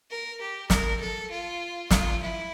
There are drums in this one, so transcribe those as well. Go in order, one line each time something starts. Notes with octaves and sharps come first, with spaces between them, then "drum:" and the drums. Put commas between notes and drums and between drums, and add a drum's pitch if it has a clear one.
A#4
G4
A#4, drum: snare
A4
F4
F4, drum: snare
E4